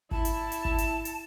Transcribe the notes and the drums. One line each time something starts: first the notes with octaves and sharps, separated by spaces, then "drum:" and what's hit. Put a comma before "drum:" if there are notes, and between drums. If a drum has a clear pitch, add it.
E4 A5, drum: kick G#1
drum: hi-hat
drum: hi-hat
drum: kick G#1
drum: hi-hat
drum: hi-hat